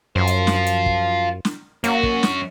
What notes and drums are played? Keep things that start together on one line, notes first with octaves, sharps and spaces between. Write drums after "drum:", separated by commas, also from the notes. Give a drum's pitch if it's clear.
F#2 F4 C5
drum: hi-hat
drum: snare
drum: hi-hat
drum: kick
drum: snare
F#2 A#3 F#4, drum: hi-hat
drum: kick
drum: snare